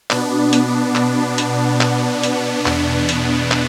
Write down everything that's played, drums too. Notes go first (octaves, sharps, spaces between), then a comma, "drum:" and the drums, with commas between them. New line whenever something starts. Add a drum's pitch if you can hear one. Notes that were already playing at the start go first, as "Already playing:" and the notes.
B2 B3 D4, drum: clap
drum: hi-hat
drum: clap
drum: hi-hat
drum: clap
drum: hi-hat
E2 B2 B3 D4, drum: clap
drum: hi-hat
drum: clap